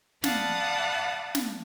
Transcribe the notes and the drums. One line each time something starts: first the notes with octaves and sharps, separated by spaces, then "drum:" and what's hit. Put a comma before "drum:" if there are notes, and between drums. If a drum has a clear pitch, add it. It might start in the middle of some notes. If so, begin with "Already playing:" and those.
D5 F5 F#5 A5 B5 D#6, drum: snare
drum: snare